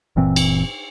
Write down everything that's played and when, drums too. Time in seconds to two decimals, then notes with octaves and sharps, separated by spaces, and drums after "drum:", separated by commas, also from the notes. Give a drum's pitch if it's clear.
0.16 F#1 A#2 E3 C4
0.36 drum: cymbal